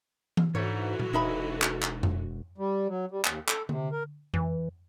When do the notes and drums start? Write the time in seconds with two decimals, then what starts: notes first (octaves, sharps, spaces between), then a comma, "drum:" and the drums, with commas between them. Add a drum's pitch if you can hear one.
0.37 drum: tom E3
0.55 G#2 D3 E3 F#4 C#5
0.99 drum: tom A#2
1.13 E1 D#4 E5 B5
1.62 drum: clap
1.82 drum: clap
2.03 drum: tom F2
2.58 G3
2.88 F#3
3.11 G3
3.25 D#2, drum: clap
3.48 A4, drum: clap
3.69 C3, drum: tom D3
3.92 A#4
4.34 E3, drum: tom F2